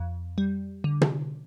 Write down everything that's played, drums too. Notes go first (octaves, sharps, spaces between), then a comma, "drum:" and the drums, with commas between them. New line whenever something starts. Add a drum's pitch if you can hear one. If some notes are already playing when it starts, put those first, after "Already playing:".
Already playing: F2
G3
D3
drum: tom